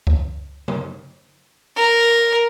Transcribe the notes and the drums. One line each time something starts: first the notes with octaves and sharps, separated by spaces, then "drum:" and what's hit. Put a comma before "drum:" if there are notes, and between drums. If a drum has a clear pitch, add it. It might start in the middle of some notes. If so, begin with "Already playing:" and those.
drum: kick C#2
drum: tom C3
A#4